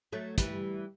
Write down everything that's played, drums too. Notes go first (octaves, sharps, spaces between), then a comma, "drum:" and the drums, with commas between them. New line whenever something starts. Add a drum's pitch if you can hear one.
F#3 A3
E3 G3, drum: kick, hi-hat